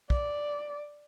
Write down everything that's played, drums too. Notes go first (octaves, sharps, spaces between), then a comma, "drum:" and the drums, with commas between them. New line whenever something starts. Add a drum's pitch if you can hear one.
D5, drum: kick